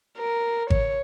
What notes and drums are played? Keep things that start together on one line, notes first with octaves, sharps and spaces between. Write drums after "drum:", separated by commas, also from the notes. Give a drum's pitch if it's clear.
A#4
C#5, drum: kick G#1